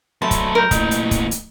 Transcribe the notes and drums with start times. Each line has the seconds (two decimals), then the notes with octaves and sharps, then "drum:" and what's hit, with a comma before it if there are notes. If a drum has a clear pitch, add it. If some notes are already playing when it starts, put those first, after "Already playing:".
0.22 F#3 A3 E5 A5 B5 C6
0.31 drum: kick, hi-hat
0.55 A#4 A#5 G6
0.71 A#2 E3 A3 D#5, drum: kick, hi-hat
0.91 drum: hi-hat
1.11 drum: kick, hi-hat
1.31 drum: hi-hat